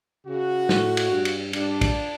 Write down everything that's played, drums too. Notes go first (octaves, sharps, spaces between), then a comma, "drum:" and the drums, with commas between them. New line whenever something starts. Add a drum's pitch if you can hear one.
C#3 F#4
A2, drum: snare
drum: cymbal
G2
drum: cymbal
G2 D4, drum: cymbal
drum: kick, cymbal